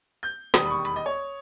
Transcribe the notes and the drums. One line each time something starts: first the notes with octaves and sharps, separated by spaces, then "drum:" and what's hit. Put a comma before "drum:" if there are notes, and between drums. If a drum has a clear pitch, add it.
G6
E1 D#2 D#3 G3 D#6, drum: snare
B5
C#6
B5, drum: hi-hat
D#5
C#5